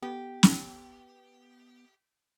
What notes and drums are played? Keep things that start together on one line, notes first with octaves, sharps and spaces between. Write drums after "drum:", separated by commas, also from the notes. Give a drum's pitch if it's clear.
B3 G4
drum: snare